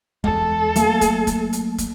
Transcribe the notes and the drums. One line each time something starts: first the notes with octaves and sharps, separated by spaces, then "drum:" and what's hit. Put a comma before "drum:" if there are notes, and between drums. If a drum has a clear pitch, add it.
E2 G#3 A4, drum: kick
F#3 A3 A#3, drum: hi-hat
drum: kick, hi-hat
drum: kick, hi-hat
drum: hi-hat
drum: kick, hi-hat